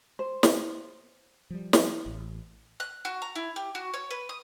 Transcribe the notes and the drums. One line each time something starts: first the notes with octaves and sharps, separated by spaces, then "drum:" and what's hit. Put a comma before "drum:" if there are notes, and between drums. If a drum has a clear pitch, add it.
C5
drum: snare
F3 G3
drum: snare
A1
F#6
F#4
A#5
E4
G4
F#4
C#5
B4
D#6